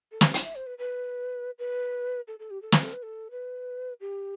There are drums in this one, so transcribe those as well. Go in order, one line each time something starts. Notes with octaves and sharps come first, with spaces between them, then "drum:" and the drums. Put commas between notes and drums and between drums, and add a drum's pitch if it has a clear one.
A4
B4, drum: snare
drum: hi-hat
E5
C5
B4
B4
B4
A4
A4
G4
A4
B4, drum: snare
A4
B4
A4
B4
G4